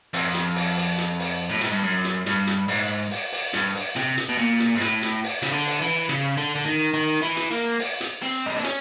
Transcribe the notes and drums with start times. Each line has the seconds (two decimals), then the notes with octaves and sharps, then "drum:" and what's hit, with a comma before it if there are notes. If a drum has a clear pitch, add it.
0.14 F2, drum: open hi-hat
0.34 drum: hi-hat
0.56 drum: open hi-hat
0.77 drum: open hi-hat
0.98 drum: hi-hat
1.19 drum: open hi-hat
1.50 A2
1.61 G#2, drum: hi-hat
1.72 G2
1.83 F#2
2.05 drum: hi-hat
2.26 G2, drum: hi-hat
2.47 drum: hi-hat
2.69 G#2, drum: open hi-hat
3.11 drum: open hi-hat
3.32 drum: open hi-hat
3.53 G2, drum: hi-hat
3.75 drum: open hi-hat
3.96 C3, drum: hi-hat
4.17 drum: hi-hat
4.29 B2
4.38 A#2
4.60 drum: hi-hat
4.75 G#2
4.81 A2, drum: hi-hat
5.03 drum: hi-hat
5.24 drum: open hi-hat
5.42 C#3, drum: hi-hat
5.52 D3
5.66 drum: open hi-hat
5.81 E3
6.09 C#3, drum: hi-hat
6.38 D3
6.55 D3
6.66 D#3
6.94 D#3
7.22 E3
7.37 drum: hi-hat
7.51 A#3
7.79 drum: open hi-hat
8.01 drum: hi-hat
8.22 C4
8.46 D#4
8.56 D4
8.64 C#4, drum: hi-hat